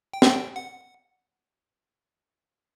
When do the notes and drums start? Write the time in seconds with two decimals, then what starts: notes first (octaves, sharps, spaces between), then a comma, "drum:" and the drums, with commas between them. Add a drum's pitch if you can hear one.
0.13 G5
0.22 G#5, drum: snare
0.30 G5
0.56 F#5